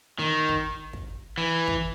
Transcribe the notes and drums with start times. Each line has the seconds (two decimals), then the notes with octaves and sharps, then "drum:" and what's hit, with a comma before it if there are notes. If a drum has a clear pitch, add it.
0.19 D#3
0.49 drum: kick
0.93 drum: kick
1.38 E3
1.68 drum: kick